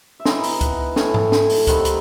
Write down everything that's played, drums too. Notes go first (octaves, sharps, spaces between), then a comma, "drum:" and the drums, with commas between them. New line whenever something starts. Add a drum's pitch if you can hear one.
E5
E3 B3 D#4 D#5, drum: snare
drum: open hi-hat
F#5, drum: kick C#2, hi-hat
A2 E3 A3, drum: snare
drum: tom G#2
drum: snare
drum: open hi-hat
D#3 G3 C4 F#5, drum: kick C#2, hi-hat
drum: hi-hat